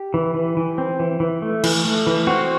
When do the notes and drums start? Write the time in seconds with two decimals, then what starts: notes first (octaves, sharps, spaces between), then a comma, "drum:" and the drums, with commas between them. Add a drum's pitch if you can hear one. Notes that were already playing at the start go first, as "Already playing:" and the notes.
Already playing: G4
0.14 E3
0.35 E3
0.57 E3
0.78 C4
1.00 E3
1.20 E3
1.42 A3
1.64 E3, drum: cymbal
1.85 A3
2.07 E3
2.27 C4 F#4